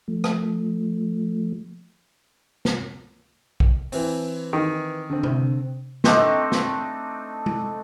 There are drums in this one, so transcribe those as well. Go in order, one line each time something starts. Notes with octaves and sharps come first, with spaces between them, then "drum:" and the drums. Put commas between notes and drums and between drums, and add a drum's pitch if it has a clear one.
F3 A3
drum: rim click
drum: snare
drum: kick
E3 C4, drum: open hi-hat
D#3
D3 C4
drum: tom
A3 C4 D4 D#4, drum: snare
drum: snare
drum: tom G#3